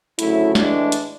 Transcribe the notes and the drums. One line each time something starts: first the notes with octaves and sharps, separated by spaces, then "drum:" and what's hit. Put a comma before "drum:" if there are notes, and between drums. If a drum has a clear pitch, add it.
D2 C#3 F#3 A3 E4, drum: hi-hat
A2 E3 G#3 D4, drum: snare
drum: hi-hat